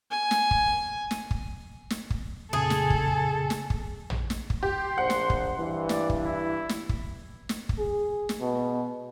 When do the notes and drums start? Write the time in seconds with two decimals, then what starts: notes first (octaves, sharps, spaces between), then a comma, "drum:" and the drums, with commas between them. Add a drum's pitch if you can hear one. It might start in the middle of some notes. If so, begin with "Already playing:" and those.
0.11 G#5
0.31 drum: snare
0.51 drum: kick
1.11 drum: snare
1.31 drum: kick
1.90 drum: snare
2.10 drum: kick
2.53 F2 A#2 C#3 G#4 A4
2.70 drum: snare
2.90 drum: kick
3.50 drum: snare
3.70 drum: kick
4.10 drum: tom
4.30 drum: snare
4.50 drum: kick
4.63 G4 C6
4.98 A#1 C5 F#5
5.10 drum: snare
5.30 drum: kick
5.57 G2 E3
5.89 D5, drum: snare
6.10 drum: kick
6.25 E4
6.69 drum: snare
6.89 drum: kick
7.49 drum: snare
7.69 drum: kick
7.79 G#4
8.29 drum: snare
8.41 B2